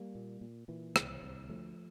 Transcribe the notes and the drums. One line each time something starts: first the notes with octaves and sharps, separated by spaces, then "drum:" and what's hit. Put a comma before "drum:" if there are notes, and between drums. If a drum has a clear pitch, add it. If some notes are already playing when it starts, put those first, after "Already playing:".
Already playing: G3 A#3
A#2
A#2
A#2 E3
C2, drum: rim click
C2
D2 F3 A3